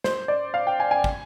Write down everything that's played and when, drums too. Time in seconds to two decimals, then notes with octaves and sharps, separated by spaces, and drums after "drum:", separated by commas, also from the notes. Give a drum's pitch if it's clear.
0.04 C5, drum: snare
0.28 D5
0.54 F5
0.67 G5
0.80 G#5
0.91 G#5
1.04 drum: kick